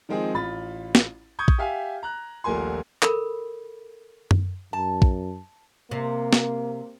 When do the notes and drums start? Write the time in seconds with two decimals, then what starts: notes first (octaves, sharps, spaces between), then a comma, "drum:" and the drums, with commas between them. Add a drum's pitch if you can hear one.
0.09 D#3 F3 G#3 C4 G#4
0.34 A1 F4 B5 A6
0.95 drum: snare
1.39 C#6 D#6 G6 G#6
1.48 drum: kick
1.58 G4 E5 F5 G#5
2.03 A#5 F#6
2.44 D#1 A#1 A3 A#4 G#5 C6
3.02 A4 A#4 B5, drum: clap
4.31 drum: tom F#2
4.73 F#2 A5
5.02 drum: kick
5.91 C3 A#3
6.33 drum: snare